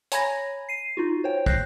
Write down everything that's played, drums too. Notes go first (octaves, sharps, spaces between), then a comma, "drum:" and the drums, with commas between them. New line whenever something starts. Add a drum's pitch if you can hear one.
C#5 G#5 A#5 B5 G#6 A#6, drum: hi-hat
C7 D#7
D#4 F4 F#4
C5 C#5 G5
F#6 G6 A#6 C7, drum: kick